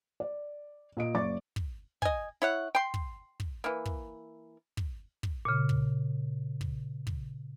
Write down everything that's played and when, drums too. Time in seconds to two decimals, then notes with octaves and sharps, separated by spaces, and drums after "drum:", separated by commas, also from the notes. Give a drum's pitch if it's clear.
0.20 D5
0.97 A#2 D#5 D7
1.14 F#1 D5 C#6 D6 A6
1.56 drum: kick
2.02 D#5 G#5, drum: kick
2.42 E4 C#5 F#5
2.75 G5 C6
2.94 drum: kick
3.40 drum: kick
3.64 E3 A#3
3.86 drum: kick
4.77 drum: kick
5.23 drum: kick
5.45 A#2 C#3
5.69 drum: kick
6.61 drum: kick
7.07 drum: kick